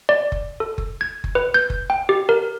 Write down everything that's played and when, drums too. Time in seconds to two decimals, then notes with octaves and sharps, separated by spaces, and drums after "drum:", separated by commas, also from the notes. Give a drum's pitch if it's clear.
0.09 D5
0.32 drum: kick F#1
0.60 A4
0.78 drum: kick F#1
1.01 G#6
1.24 drum: kick F#1
1.35 B4
1.54 G6
1.70 drum: kick F#1
1.90 G5
2.09 G4
2.29 A#4